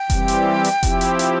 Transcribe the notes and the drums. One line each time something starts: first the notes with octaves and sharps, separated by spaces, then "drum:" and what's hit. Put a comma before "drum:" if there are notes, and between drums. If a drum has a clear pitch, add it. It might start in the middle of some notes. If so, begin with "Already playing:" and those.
Already playing: G5
E3 G3 C4 G4, drum: kick F1, hi-hat
drum: hi-hat
drum: hi-hat
F3 C4 E4 G4, drum: kick F1, hi-hat
drum: hi-hat
drum: hi-hat